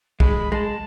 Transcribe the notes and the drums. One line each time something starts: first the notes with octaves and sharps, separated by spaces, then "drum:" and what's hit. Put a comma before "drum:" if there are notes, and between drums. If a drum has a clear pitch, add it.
G#3 B5, drum: kick
G#3 A5